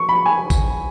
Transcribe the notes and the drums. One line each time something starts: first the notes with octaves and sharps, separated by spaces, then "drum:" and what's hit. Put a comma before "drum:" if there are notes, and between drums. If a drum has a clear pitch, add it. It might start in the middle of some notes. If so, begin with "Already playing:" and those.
Already playing: C#6
B5
G#5
drum: kick A1, tambourine